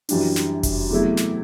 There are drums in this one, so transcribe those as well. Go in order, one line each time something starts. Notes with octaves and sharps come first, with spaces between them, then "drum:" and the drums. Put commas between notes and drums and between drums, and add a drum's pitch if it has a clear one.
F#2 E3 G3 D4, drum: open hi-hat
drum: snare
drum: kick F1, open hi-hat
E2 C3 F#3 A3 E4
drum: snare